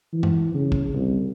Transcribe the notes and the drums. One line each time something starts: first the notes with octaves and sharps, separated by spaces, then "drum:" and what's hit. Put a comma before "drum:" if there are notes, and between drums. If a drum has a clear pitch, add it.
E3
drum: tom F#2
C#3
drum: kick
C2